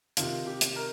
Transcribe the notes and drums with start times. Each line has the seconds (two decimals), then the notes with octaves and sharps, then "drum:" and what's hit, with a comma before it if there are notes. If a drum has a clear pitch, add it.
0.17 C3 D#3 F4, drum: hi-hat
0.47 G4
0.61 drum: hi-hat
0.76 A#4